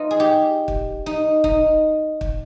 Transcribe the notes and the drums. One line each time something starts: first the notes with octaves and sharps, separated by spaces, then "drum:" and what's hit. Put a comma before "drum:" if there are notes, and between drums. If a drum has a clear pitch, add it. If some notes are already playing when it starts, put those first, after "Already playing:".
Already playing: D#4 F4 B4
G#4
G4
drum: kick
D#4
D#4, drum: kick
drum: kick